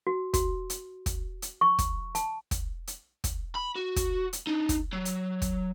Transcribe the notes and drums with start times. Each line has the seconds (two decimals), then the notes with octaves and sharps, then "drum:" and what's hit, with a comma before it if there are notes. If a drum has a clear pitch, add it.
0.07 F#4
0.34 F#4, drum: kick, hi-hat
0.70 drum: hi-hat
1.06 drum: kick, hi-hat
1.42 drum: hi-hat
1.61 C#6
1.79 drum: kick, hi-hat
2.15 A5, drum: hi-hat
2.51 drum: kick, hi-hat
2.87 drum: hi-hat
3.24 drum: kick, hi-hat
3.55 B5
3.76 F#4
3.96 drum: kick, hi-hat
4.33 drum: hi-hat
4.47 D4 D#4
4.69 drum: kick, hi-hat
4.93 F#3
5.05 drum: hi-hat
5.42 drum: kick, hi-hat